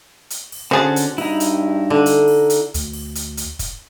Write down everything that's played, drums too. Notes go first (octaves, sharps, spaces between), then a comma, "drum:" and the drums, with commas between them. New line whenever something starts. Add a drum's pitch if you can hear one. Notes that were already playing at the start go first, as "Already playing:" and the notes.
drum: hi-hat
drum: open hi-hat
D3 C4 C#4 F#4 G#4 A5
drum: hi-hat
G2 D#4 E4, drum: open hi-hat
drum: hi-hat
D3
drum: hi-hat
drum: open hi-hat
drum: hi-hat
D2, drum: hi-hat
drum: open hi-hat
drum: hi-hat
drum: hi-hat
drum: kick, hi-hat